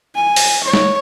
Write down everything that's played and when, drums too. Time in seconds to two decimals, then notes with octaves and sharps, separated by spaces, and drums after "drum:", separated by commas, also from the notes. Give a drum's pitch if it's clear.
0.16 G#5
0.36 drum: open hi-hat
0.64 C#5
0.73 drum: snare G#3